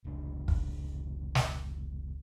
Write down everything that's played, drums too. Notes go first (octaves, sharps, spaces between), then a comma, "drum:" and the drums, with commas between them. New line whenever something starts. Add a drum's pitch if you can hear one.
F1 C#2 D4
drum: kick
drum: snare